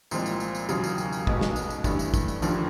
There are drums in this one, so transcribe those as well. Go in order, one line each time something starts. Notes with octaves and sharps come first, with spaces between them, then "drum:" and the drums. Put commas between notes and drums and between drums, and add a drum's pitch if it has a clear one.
C2 A#2 F3 G#3 C4, drum: tambourine
drum: tambourine
drum: tambourine
drum: tambourine
E1 D#2 C#3 F#3, drum: tambourine
drum: tambourine
drum: tambourine
drum: tambourine
B1 B2 G#3 C#4, drum: kick
drum: snare
drum: tambourine
drum: tambourine
G2 E3 A3 D4, drum: kick, tambourine
drum: tambourine
drum: kick, tambourine
drum: tambourine
F1 D#2 D3 F3, drum: tambourine